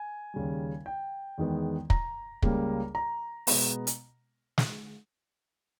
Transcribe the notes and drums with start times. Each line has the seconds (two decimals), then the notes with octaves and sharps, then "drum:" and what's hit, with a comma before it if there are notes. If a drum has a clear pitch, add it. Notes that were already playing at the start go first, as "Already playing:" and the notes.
Already playing: G#5
0.34 D#2 C#3 G3
0.86 G5
1.38 E2 D#3 G#3 B3
1.90 A#5, drum: kick
2.42 C#2 C#3 G3 A#3, drum: kick
2.95 A#5
3.47 B2 G#3 B3, drum: open hi-hat
3.87 drum: hi-hat
4.58 drum: snare